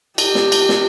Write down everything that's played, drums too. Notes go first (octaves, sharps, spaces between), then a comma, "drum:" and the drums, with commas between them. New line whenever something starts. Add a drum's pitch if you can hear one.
G4, drum: cymbal
drum: snare
drum: cymbal
drum: snare